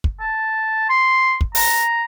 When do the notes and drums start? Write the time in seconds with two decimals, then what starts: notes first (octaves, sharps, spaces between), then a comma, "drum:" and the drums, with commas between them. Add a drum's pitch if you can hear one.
0.04 drum: kick
0.20 A5
0.89 C6
1.41 drum: kick
1.55 A#5, drum: open hi-hat